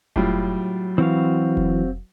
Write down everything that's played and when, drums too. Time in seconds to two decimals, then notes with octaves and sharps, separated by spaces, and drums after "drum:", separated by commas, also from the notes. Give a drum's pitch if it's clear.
0.16 A2 F#3 G3 F4, drum: kick F1
0.98 E3 C4 F#4 F5
1.57 drum: kick F1